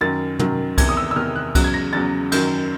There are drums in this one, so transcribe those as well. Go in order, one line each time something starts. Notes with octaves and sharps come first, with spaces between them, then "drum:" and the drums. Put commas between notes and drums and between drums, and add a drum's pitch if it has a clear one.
F#2 D#3 F#3 A6
F#2 D#3 F#3, drum: tom
E2 C3 D#3 G#6, drum: kick C2, cymbal
D#6
E6
E6
E2 C3 D#3 F6
F#6
E2 C#3 F#3 F#6, drum: kick C2, cymbal
G#6
A#6
E2 C#3 F#3 A6
F#2 D#3 F#3 G6, drum: cymbal